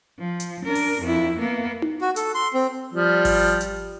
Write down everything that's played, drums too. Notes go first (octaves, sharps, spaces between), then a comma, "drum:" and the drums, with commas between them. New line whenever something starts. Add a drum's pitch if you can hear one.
F3
drum: hi-hat
D4 A#4
drum: open hi-hat
F2 E4
A#3 B3
drum: tom D#4
F#4
A4, drum: hi-hat
C6
C4
F3 G3
drum: kick G#1, open hi-hat
drum: hi-hat